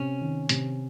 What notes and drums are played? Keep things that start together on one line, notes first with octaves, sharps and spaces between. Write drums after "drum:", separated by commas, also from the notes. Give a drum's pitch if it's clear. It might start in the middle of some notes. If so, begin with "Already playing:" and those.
Already playing: C3 C#4
D#3
C3, drum: hi-hat